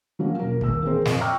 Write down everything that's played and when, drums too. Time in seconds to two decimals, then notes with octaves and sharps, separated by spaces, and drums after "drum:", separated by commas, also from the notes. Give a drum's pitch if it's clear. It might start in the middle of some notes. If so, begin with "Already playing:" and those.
0.19 F3 F#3 A#3 C#4
0.39 E1 A#4
0.61 D#1 A#3 A#4 E6, drum: kick
0.83 E3 C4 G#4 A#4 C5
1.05 F2, drum: snare
1.21 G5 A#5 C#6 D6 E6 F6